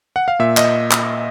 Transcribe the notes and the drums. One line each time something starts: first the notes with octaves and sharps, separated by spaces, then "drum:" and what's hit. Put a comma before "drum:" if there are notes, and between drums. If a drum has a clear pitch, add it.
F#5
F5
A#2 E5
D#5, drum: clap
drum: clap